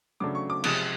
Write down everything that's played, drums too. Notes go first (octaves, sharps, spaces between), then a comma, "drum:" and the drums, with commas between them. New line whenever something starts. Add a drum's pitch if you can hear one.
C#3 F#3 A3 D4 D6
C#6
D6
C3 F3 G#3 D#6, drum: cymbal